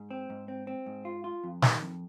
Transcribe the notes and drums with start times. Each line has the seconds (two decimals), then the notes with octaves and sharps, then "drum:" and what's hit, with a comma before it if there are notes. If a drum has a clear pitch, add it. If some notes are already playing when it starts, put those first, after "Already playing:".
Already playing: G#2
0.11 C4
0.30 G#2
0.48 C4
0.67 C4
0.86 G#2
1.05 F4
1.24 F4
1.44 F2
1.62 D#3, drum: snare
1.81 F2